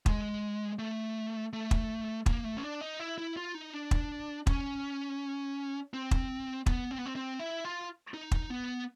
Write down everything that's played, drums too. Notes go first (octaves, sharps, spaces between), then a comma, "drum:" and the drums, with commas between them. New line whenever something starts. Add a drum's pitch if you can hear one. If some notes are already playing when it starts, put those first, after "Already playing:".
G#3, drum: kick
A3
A3
drum: kick
A#3, drum: kick
A3
C#4
D4
D#4
E4
E4
F4
D#4
D4
drum: kick
C#4, drum: kick
C4
drum: kick
B3, drum: kick
C4
B3
C4
C4
E4
F4
D#4
drum: kick
B3